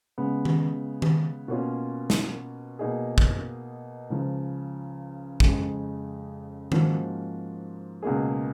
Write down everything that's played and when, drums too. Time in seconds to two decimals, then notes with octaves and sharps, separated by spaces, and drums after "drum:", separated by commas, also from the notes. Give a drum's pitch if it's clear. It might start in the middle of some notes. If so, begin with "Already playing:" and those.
0.18 C#3 G#3 B3
0.45 drum: tom D#3
1.02 drum: tom D#3
1.48 B2 A#3 C#4 F4
2.10 drum: snare
2.79 B2 A#3 D#4 G#4
3.18 drum: kick
4.10 C#2 C#3 F3
5.40 F2 C#3 G#3, drum: kick
6.72 G#2 F3 A#3 C#4 F#4, drum: tom D#3
8.03 C#2 B2 A#3 D#4 G#4